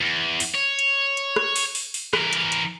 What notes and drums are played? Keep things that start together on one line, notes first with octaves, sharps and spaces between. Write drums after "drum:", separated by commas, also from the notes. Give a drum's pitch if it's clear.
E2
drum: open hi-hat
C#5
drum: hi-hat
drum: hi-hat
drum: rim click
drum: open hi-hat
drum: open hi-hat
drum: open hi-hat
E3 A#4, drum: rim click
drum: hi-hat
drum: hi-hat